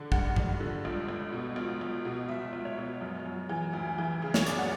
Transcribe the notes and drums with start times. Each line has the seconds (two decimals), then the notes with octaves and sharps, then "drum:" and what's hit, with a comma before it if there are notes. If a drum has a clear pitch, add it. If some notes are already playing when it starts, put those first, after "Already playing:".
Already playing: D3
0.12 G2 F#5, drum: kick
0.36 G2, drum: tom G2
0.60 D3
0.85 C#2
1.09 C#2
1.33 B2
1.56 C#2
1.81 C#2
2.05 B2
2.29 C#2 E5
2.53 C#2
2.65 C#5
2.78 B2
3.01 F#2
3.26 F#2
3.49 E3
3.73 D2
3.98 E3
4.22 C#3
4.34 C#5, drum: snare
4.46 F#2 D5, drum: hi-hat
4.58 F#5